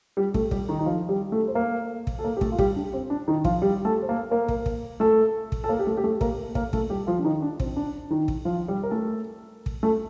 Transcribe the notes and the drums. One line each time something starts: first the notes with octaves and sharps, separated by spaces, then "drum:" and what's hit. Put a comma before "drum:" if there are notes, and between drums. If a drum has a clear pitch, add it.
G3 G4
A3 A4, drum: kick
G3 G4, drum: kick
D#3 D#4
D#4
F3 F4
G3 G4
A3 A4
C5
A#3 A#4
drum: kick
A4
A#3 A#4
G4
A3 A4, drum: kick
F4
G3 G4, drum: kick
D4
C4
D4
D#3 D#4
F3 F4, drum: kick
G3 G4
A3 A4
C5
A#3 A#4
A#3 A#4
drum: kick
drum: kick
A3 A4
drum: kick
A4
A#3 A#4
G4
A3 A4
G4
A3 A4
A#3 A#4, drum: kick
A#3 A#4, drum: kick
A3 A4, drum: kick
G3 G4
F3 F4
D4
D#3 D#4
D4
C4, drum: kick
D4
D#3 D#4
drum: kick
F3 F4
G3 G4
A#4
A3 A4
drum: kick
A3 A4